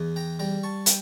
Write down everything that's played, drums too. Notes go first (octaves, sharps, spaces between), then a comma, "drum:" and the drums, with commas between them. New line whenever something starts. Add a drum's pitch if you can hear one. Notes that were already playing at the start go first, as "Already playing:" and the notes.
Already playing: E2
G5 A#5
G3 G5 A#5
A5 C#6
G5, drum: hi-hat